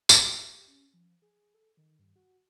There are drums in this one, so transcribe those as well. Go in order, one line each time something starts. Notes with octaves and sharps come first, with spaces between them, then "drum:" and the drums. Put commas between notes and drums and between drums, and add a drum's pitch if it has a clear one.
drum: tambourine
G4
C#4
F3
G#4
A4
D#3
G2
F#4